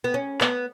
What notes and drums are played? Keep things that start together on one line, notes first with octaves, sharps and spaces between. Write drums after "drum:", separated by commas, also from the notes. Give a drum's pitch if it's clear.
B3
C#4
B3, drum: clap